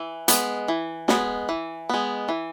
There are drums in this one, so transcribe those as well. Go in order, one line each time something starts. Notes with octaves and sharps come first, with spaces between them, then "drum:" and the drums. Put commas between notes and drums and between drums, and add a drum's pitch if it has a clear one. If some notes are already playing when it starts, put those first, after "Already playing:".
Already playing: E3
G#3 B3, drum: hi-hat
E3
G#3 B3, drum: snare
E3
G#3 B3
E3